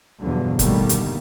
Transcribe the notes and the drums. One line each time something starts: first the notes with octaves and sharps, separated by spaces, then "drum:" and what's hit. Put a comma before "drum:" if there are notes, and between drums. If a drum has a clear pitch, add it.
E2 G2 B2 D3 F3 F#3
B2 D3 D#3 G3 A3 A#3, drum: kick, hi-hat
drum: hi-hat